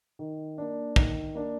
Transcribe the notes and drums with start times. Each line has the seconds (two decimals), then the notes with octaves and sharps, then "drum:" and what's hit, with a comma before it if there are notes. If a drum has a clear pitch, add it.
0.19 D#3
0.58 A#3 D4
0.96 D#3, drum: kick
1.35 A#3 D4